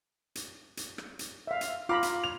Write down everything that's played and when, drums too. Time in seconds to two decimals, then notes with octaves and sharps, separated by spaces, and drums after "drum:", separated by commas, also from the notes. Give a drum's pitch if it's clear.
0.35 drum: hi-hat
0.77 drum: hi-hat
0.98 drum: rim click
1.19 drum: hi-hat
1.47 E5 F5
1.61 drum: hi-hat
1.89 F4 F5 A#5 B5 D6
2.03 drum: hi-hat
2.24 F7